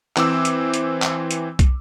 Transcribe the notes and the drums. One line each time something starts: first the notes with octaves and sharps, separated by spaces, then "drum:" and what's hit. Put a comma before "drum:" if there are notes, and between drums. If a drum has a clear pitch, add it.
E3 C4 C5 D6 E6, drum: clap
drum: hi-hat
drum: hi-hat
drum: clap
drum: hi-hat
drum: kick, hi-hat